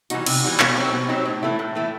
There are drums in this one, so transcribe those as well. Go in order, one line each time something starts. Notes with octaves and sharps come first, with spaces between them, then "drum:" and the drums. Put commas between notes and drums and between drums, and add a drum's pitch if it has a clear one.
E3 G3 D#4 F#4, drum: hi-hat
C3, drum: cymbal
E3 G3 D#4 F#4
B2, drum: clap
F#3 C4 D#4 G4
B2
F#3 C4 D#4 G4
A2
E3 A3 E4
A2
E3 A3 E4